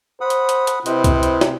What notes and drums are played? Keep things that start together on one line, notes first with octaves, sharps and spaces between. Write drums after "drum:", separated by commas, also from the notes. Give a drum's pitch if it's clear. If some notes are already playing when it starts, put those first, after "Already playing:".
C5 F#5 B5 D#6
drum: hi-hat
drum: hi-hat
drum: hi-hat
C3 E4 B4 C5 D#5, drum: hi-hat
drum: kick C2, hi-hat
drum: hi-hat
drum: snare